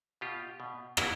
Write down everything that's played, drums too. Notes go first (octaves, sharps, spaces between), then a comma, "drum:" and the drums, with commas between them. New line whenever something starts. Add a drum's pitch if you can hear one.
B2 F4 G4
B2
B2 E4 F#4, drum: rim click